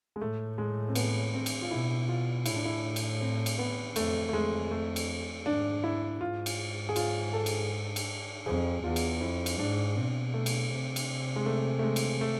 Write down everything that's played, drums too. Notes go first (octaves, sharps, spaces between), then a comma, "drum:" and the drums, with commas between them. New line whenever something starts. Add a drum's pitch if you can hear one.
G#3
A2 A3
G#3
C4
B3, drum: cymbal
C4
drum: cymbal
F4
B2 E4
F4
A2 E4, drum: cymbal
D4
E4
drum: cymbal
C4
drum: cymbal
B3
F2 A3, drum: cymbal
A3
F2 G#3
A3
drum: cymbal
G#2 D4
E4
G#2 F4
drum: cymbal
G#4
F4, drum: cymbal
A4
drum: cymbal
drum: cymbal
F2 G#4
E2 F4
drum: cymbal
F2 E4
drum: cymbal
G#2 D4
B2 C4
A3
drum: cymbal
C3
drum: cymbal
G#3
A3
A3
G#3
drum: cymbal
A3